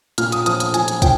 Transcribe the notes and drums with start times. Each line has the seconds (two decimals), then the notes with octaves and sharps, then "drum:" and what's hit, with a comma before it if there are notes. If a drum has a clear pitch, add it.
0.18 A#2 F6, drum: hi-hat
0.32 D#6, drum: hi-hat
0.46 F3 D#6, drum: hi-hat
0.60 D#6, drum: hi-hat
0.74 F3 G#5, drum: hi-hat
0.88 drum: hi-hat
1.02 F3 G5, drum: kick, hi-hat